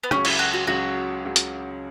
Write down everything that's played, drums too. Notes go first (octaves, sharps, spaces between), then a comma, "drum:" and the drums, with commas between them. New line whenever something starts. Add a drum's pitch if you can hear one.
B3
C#2 C#3 F#3 C#4, drum: rim click
E4, drum: cymbal
F#4
F#4
C#2 C#3 F#3 F#4
C#2 C#3 F#3
drum: hi-hat